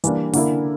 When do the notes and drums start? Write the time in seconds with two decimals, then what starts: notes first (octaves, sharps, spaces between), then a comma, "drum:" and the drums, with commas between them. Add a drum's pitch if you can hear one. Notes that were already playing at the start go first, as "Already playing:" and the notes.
0.04 E3 G3 A#3 D4, drum: hi-hat
0.33 D3 A#3 E4 A#4 D5, drum: open hi-hat